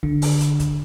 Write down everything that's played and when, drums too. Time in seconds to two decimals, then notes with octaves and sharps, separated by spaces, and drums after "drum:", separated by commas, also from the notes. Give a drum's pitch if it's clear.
0.03 D3, drum: kick C#1
0.22 drum: open hi-hat
0.41 drum: hi-hat
0.60 drum: kick C#1, hi-hat